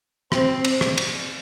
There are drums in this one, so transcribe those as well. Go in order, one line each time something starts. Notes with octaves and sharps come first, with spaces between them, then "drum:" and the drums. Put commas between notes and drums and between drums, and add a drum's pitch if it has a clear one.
C4, drum: rim click
drum: cymbal
drum: rim click
drum: cymbal